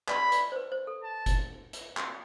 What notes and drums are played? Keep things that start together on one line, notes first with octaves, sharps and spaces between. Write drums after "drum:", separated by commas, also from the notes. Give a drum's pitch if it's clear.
B4 D5 B5, drum: clap
B4 D5, drum: hi-hat
C5
B4
C5
A4
A5
drum: kick F1, hi-hat
drum: hi-hat
F#4, drum: clap